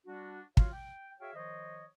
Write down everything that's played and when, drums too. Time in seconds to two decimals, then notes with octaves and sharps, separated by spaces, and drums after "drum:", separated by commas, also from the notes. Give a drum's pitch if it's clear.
0.06 G3 D4 F#4
0.57 F4 F#4 C#5 F5, drum: kick
0.72 G5
1.20 F#4 G#4 C#5 E5 F5 G5
1.35 D#3 F3 C5 C#5 D#5